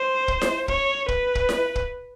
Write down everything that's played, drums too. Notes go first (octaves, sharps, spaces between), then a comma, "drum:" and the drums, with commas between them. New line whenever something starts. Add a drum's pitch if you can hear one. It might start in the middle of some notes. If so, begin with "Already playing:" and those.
Already playing: C5
drum: kick
drum: snare E4
C#5, drum: kick
B4, drum: kick
drum: kick
drum: snare E4
drum: kick